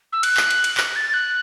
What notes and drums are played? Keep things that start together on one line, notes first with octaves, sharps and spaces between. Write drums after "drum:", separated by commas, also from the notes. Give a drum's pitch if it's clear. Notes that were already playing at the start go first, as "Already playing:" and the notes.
E6
F#6, drum: cymbal
drum: clap
drum: cymbal
drum: cymbal
F#6, drum: clap
A6
F#6